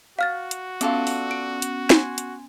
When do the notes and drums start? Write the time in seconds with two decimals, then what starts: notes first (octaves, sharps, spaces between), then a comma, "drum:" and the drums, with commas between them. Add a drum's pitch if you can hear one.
0.19 F#4 F5 F6 A6
0.51 drum: hi-hat
0.81 B3 C#4 F4 A4 D5, drum: hi-hat
1.07 drum: open hi-hat
1.31 D7
1.62 drum: hi-hat
1.90 G#5 C6, drum: snare D#4
2.18 drum: hi-hat